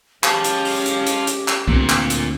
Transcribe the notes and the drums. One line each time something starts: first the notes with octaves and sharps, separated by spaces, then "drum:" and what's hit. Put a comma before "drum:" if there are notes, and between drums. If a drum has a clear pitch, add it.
G#3 C#4 G4 F5 A5, drum: clap
drum: hi-hat
drum: open hi-hat
drum: hi-hat
drum: hi-hat
drum: hi-hat
drum: clap
D2 A#2 A#3 C4, drum: kick
drum: clap
drum: hi-hat